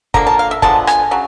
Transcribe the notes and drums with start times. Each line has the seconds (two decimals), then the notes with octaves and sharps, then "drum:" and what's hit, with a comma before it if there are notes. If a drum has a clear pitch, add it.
0.14 D3 F3 A#3 A#5, drum: kick
0.27 A5
0.39 F5
0.51 E5
0.62 D3 F3 G#3 B3 A5, drum: kick
0.87 G#5, drum: rim click
1.11 C#3 F#3